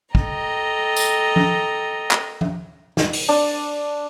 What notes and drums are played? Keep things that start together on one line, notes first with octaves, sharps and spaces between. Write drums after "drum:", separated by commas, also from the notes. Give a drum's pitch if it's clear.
A4 D#5 G5 A#5, drum: kick
drum: tambourine
drum: tom F3
drum: clap
drum: tom F3
drum: snare
drum: open hi-hat
D4